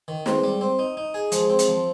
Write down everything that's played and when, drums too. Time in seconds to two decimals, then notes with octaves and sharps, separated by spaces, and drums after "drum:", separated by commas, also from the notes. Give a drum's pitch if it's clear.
0.08 D#3
0.26 G#3 C4, drum: snare
0.44 G3
0.61 C4
0.79 D#4
0.97 D#4
1.14 G#4
1.32 F3 G#3, drum: hi-hat
1.50 C4
1.59 drum: hi-hat
1.68 F3